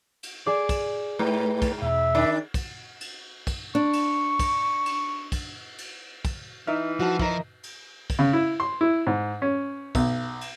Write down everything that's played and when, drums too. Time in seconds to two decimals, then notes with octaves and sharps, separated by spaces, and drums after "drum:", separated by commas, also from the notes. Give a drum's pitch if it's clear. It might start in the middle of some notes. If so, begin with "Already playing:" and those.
0.23 drum: cymbal
0.46 G#4 D5
0.69 drum: kick, cymbal
1.19 G#2 A3 B4
1.62 drum: kick, cymbal
1.82 E2 B2 E5
2.15 D#3 D4
2.54 drum: kick, cymbal
3.01 drum: cymbal
3.47 drum: kick, cymbal
3.75 D4 C#6
3.93 drum: cymbal
4.39 drum: kick, cymbal
4.86 drum: cymbal
5.32 drum: kick, cymbal
5.78 drum: cymbal
6.25 drum: kick, cymbal
6.67 E3 D#4 E5 F6
7.00 F3 F#4 A5
7.19 F3 E4 A#4 D#5, drum: kick
7.63 drum: cymbal
8.10 drum: kick, cymbal
8.19 C#3
8.33 E4
8.60 C6
8.81 E4
9.07 G#2
9.42 C#4
9.95 B1, drum: kick, cymbal
10.41 drum: cymbal